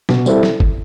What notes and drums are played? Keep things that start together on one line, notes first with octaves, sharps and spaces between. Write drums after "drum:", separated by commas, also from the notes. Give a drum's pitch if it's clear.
B2, drum: snare
G3 C4 E4 A4, drum: tambourine
drum: snare
drum: kick F#1